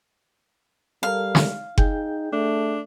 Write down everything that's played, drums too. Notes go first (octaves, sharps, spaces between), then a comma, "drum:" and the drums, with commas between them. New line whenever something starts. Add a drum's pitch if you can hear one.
G3 A4 A#4 F5
drum: snare
D#4 G#4 G5 G6, drum: kick F#1
A3 D4